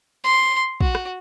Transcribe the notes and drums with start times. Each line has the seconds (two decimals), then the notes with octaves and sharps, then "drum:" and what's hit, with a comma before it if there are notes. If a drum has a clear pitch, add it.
0.24 C6
0.81 F#4, drum: kick
0.95 drum: rim click